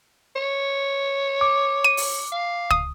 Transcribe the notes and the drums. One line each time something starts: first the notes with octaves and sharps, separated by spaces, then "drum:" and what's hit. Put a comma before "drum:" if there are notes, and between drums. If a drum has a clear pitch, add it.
C#5
D6
D#7
drum: open hi-hat
F5
D#6, drum: kick C#2